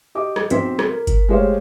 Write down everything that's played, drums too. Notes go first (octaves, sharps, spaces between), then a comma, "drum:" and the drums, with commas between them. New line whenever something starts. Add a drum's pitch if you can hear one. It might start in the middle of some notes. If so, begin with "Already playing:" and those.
G4 D#5 D6
drum: rim click
B1 C4 C5 B6, drum: hi-hat
drum: rim click
A#4
drum: kick G1, hi-hat
G#3 A3 G4 C5 C#5 F5